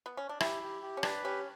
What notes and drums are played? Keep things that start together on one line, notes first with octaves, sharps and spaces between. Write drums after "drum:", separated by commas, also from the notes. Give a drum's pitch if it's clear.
B3
C#4
D4
E4 G4, drum: rim click
G4
G4
C#4
D4 B4, drum: rim click
C#4 G4